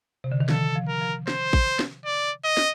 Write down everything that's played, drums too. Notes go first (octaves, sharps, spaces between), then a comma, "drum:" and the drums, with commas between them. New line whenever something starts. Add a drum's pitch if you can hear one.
C3
D3
D#3
F3 A4, drum: snare
F3
A#4
F3
C5, drum: snare
drum: kick A1
drum: snare
D5
D#5
drum: snare